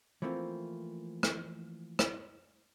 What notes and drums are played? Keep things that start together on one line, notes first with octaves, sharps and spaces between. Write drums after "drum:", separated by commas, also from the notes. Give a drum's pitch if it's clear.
E3 F3 A3 A#3 C4 F4
drum: rim click
drum: rim click